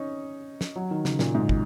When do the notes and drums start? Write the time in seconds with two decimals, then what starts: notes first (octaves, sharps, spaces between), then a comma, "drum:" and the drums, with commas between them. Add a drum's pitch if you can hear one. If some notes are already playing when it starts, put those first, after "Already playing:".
Already playing: C#4 D#4
0.61 drum: snare
0.76 F#3
0.91 D#3
1.05 C#3, drum: snare
1.19 A#2, drum: snare
1.35 G#2
1.49 drum: kick